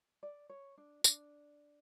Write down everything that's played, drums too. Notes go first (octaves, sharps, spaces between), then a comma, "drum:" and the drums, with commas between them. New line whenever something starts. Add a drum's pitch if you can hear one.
D5
C#5
D4
D4, drum: tambourine